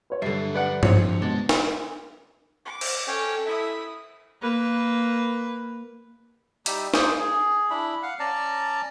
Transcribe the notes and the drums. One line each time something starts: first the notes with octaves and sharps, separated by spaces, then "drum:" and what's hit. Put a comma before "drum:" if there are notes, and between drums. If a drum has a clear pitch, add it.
B4 C#5
G2 D3 F#3 E5 C7
B4 D5 F#5
F2 C5 C#5, drum: tom G2
B2 G#3 D4 C6
drum: snare
D6
drum: cymbal
C#4 A4 C#5 G5
E4 E5 D#6
A#3 B4
G3 D#4 G4 E5, drum: hi-hat
A#3 G#4 C5, drum: snare
G#4
D4 E4 B5
F5 F#5
C#4 D5 A5 A#5